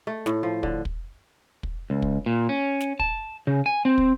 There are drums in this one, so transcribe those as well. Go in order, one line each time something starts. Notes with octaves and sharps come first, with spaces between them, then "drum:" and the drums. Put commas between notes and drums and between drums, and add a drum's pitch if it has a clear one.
A3
A2, drum: snare
F3
D3, drum: kick
drum: kick
drum: kick
C#2
drum: kick
A#2
C#4
drum: snare
A5, drum: kick
C#3
G#5
C4
drum: kick